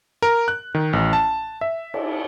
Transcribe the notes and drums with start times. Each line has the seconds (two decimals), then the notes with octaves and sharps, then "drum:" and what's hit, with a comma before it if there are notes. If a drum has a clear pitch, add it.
0.22 A#4
0.48 F#6
0.75 D#3
0.93 A1
1.13 A5
1.61 E5
1.94 drum: cymbal